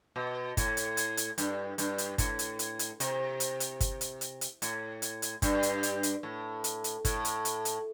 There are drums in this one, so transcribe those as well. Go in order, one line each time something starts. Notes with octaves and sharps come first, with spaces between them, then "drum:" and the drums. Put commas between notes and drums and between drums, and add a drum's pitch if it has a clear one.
B2
A2, drum: kick, hi-hat
drum: hi-hat
drum: hi-hat
drum: hi-hat
G2, drum: hi-hat
G2, drum: hi-hat
drum: hi-hat
A2, drum: kick, hi-hat
drum: hi-hat
drum: hi-hat
drum: hi-hat
C3, drum: hi-hat
drum: hi-hat
drum: hi-hat
drum: kick, hi-hat
drum: hi-hat
drum: hi-hat
drum: hi-hat
A2, drum: hi-hat
drum: hi-hat
drum: hi-hat
G2, drum: kick, hi-hat
drum: hi-hat
drum: hi-hat
drum: hi-hat
A2
drum: hi-hat
drum: hi-hat
A2, drum: kick, hi-hat
drum: hi-hat
drum: hi-hat
drum: hi-hat